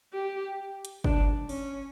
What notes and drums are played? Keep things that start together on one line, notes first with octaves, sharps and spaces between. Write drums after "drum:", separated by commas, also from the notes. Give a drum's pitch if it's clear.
G4
drum: hi-hat
D4, drum: kick
C#4, drum: open hi-hat